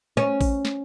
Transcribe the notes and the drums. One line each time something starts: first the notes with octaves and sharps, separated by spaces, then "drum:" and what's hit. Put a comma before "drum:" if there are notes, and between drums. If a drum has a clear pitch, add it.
C#4
drum: kick A1, open hi-hat
drum: snare